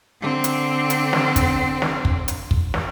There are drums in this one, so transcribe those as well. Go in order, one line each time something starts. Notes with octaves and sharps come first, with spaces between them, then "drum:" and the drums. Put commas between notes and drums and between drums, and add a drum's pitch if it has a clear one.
D3 C4
drum: hi-hat
drum: hi-hat
drum: snare
drum: kick, hi-hat
drum: snare
drum: kick
drum: hi-hat
drum: kick
drum: snare